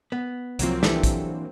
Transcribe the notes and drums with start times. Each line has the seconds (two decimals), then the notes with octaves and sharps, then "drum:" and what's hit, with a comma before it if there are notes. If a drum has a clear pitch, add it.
0.12 B3
0.59 C2 F3 F#3 A#3 C4, drum: hi-hat
0.83 E3 D4 G4 A4, drum: snare
1.03 drum: kick, hi-hat